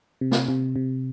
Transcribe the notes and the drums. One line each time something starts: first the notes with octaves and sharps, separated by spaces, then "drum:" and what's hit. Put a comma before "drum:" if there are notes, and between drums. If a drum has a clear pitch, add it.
C3
drum: snare
C3
C3